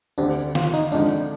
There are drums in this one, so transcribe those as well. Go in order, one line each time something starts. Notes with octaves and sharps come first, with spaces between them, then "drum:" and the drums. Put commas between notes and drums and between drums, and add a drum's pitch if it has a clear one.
D2 D3 G3 C4 D4
F4, drum: snare
D#4
F2 D3 F3 G#3 D4 D#4